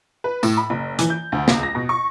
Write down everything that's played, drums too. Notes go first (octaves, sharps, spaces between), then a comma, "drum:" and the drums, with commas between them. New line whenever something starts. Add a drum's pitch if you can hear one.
B4
A2, drum: tambourine
B5
F#1
E3, drum: hi-hat
G6
D2
C#2, drum: snare
A#6
B2
C#6